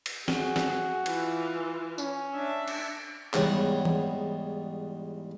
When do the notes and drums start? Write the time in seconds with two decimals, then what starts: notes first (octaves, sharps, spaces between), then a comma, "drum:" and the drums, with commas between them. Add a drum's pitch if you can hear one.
0.06 drum: cymbal
0.28 F#4 G#4, drum: snare
0.56 drum: snare
1.06 E3 F4, drum: cymbal
1.98 C#4, drum: tambourine
2.35 D4 E5
2.68 drum: cymbal
3.34 E2 G#2 G3 C#5 F#5, drum: clap
3.85 drum: tom E3